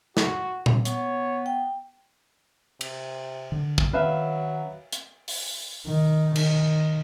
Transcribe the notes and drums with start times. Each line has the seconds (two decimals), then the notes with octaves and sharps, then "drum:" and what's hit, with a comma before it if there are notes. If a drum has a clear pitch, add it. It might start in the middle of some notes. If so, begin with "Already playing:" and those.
0.17 F#4, drum: snare
0.66 drum: tom A#2
0.85 B3 C#5, drum: hi-hat
1.46 G5
2.81 C3, drum: cymbal
3.52 D3
3.78 drum: kick
3.93 D#3 F#3 C4 C#4 B4 E5 F5
4.92 drum: hi-hat
5.28 drum: open hi-hat
5.87 D#3
6.36 D#3, drum: cymbal